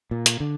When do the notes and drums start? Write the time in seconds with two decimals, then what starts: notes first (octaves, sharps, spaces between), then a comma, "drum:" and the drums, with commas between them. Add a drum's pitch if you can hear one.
0.11 A#2
0.26 drum: hi-hat
0.40 D3